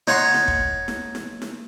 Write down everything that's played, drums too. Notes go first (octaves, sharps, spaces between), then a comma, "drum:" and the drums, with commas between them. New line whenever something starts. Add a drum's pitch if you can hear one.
D#4 C#5 F#5 C6, drum: snare E4
drum: snare E4
drum: kick
drum: snare E4
drum: snare E4
drum: snare E4